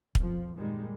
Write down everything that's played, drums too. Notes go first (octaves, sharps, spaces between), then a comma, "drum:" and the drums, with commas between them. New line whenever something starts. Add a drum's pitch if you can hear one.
B1 F2 F3, drum: kick
G1 F2 A#2 D#3 G3 G#3